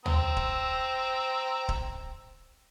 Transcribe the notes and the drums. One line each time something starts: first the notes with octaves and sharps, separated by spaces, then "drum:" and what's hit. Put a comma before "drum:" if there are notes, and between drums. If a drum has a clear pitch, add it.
C4 A#5 E6, drum: tom
drum: kick D1
drum: kick D1